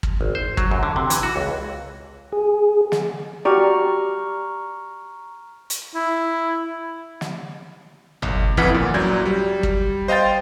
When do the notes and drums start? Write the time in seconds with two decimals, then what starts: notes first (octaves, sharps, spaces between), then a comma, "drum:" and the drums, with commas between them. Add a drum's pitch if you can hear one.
0.03 drum: kick
0.21 G#1
0.35 C5
0.57 F#3, drum: kick
0.71 F#2
0.83 D3
0.96 C3
1.10 E3, drum: hi-hat
1.23 F#4
1.36 C#2
2.32 G#4
2.92 drum: snare
3.45 F#4 G4 D5 A#5 C#6 F6
5.70 drum: hi-hat
5.95 E4
7.21 drum: snare
8.22 B1, drum: tom G1
8.57 G1 F2 E3 F#5 F6 B6, drum: kick
8.74 A#2
8.94 F#2 F#3 D5 G6 G#6
9.25 G3
9.63 drum: kick
10.08 C5 D#5 F5 G5 G6 A6